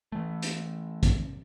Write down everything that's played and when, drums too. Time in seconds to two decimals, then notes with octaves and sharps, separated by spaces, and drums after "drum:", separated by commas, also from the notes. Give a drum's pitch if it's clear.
0.12 E3 A3
0.43 drum: hi-hat
1.03 drum: kick, hi-hat